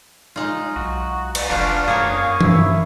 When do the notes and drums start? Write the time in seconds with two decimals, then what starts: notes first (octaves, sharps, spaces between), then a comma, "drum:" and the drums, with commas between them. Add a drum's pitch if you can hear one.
0.36 G#3 D#4 F4
0.76 B1 F#4
1.35 drum: cymbal
1.50 F1 D4 F4 F#4 C5 F5
1.88 F#2 A#3 G#4 A#4 C5 C#5
2.41 G2 E4 E5, drum: tom E3